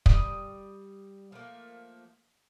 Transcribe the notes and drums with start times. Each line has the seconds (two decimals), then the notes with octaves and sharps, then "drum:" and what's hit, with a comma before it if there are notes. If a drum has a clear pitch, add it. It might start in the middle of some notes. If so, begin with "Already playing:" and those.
0.06 G3 D#6, drum: kick
1.32 F3 A3 A#3